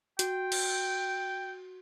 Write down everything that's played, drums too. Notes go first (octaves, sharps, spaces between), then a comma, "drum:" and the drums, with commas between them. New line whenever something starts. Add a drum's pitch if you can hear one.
F#4 G5, drum: hi-hat
drum: cymbal